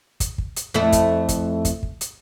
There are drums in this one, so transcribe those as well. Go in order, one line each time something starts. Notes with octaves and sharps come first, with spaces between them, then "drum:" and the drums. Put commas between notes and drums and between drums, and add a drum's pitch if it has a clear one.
drum: kick, hi-hat
drum: kick
drum: hi-hat
F2 A3 E4
drum: kick, hi-hat
drum: kick, hi-hat
drum: kick, hi-hat
drum: kick
drum: hi-hat